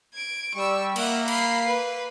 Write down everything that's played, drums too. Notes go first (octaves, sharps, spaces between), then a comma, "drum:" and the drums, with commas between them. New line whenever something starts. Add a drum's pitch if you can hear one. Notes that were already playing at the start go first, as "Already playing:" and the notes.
G#6 D7
G3 C#6 E6
A#3 E5 F#5, drum: cymbal
B5 C7, drum: cymbal
B4